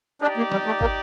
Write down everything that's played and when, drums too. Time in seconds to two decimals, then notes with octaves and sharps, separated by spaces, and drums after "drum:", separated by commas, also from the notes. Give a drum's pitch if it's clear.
0.22 D4 D#4 G4 D5
0.37 A#3
0.52 G3, drum: snare
0.66 A3
0.81 A#3, drum: kick